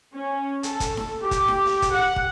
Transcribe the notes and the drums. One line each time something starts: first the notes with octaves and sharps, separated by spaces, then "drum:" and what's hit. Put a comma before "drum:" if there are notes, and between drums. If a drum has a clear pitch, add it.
C#4
A4, drum: hi-hat
drum: kick, hi-hat
drum: snare D#4
G4
drum: kick, hi-hat
drum: snare D#4
drum: open hi-hat
drum: kick, hi-hat
F#5
drum: kick